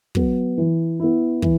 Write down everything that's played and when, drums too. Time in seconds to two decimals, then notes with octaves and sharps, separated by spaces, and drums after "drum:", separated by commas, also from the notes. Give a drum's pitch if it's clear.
0.15 F#3 B3, drum: kick
0.58 E3
1.00 B3 E4
1.42 E3, drum: kick